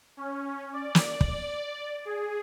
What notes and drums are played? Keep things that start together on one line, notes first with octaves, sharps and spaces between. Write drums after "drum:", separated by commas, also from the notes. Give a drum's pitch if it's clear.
C#4
D5
drum: snare
drum: kick
G#4